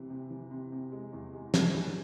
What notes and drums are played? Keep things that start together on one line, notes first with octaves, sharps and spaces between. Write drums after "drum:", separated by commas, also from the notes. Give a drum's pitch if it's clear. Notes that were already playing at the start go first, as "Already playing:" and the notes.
Already playing: C3 E3
C3
E3
C3
C3
G#3
E2
G#3
G#3, drum: snare
E3